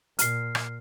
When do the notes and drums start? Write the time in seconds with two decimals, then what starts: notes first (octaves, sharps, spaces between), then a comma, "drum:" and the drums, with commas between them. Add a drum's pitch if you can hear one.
0.19 A#2 F6 C7, drum: hi-hat
0.55 drum: rim click